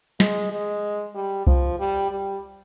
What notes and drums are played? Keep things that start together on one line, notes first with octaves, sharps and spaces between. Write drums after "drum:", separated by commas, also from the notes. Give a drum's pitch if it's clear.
G#3, drum: snare
G#3
G3
F3, drum: kick C2
G3
G3